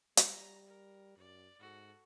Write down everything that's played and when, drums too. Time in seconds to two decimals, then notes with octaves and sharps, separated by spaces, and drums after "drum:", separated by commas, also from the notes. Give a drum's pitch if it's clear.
0.17 G3 A#5, drum: hi-hat
0.67 A#4
1.17 F#2 D5
1.60 G#2 F#4 A4